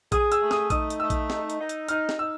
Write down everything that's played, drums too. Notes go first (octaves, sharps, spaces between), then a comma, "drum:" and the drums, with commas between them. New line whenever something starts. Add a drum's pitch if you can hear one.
G#4 D#6, drum: kick A#1, hi-hat
E6, drum: hi-hat
A3
D#6, drum: snare
D#4 D#6, drum: kick A#1, hi-hat
drum: hi-hat
A3 E6
drum: kick A#1, hi-hat
D#4, drum: snare
drum: hi-hat
D#4
drum: hi-hat
D#4 F6, drum: hi-hat
drum: snare
D#4 E6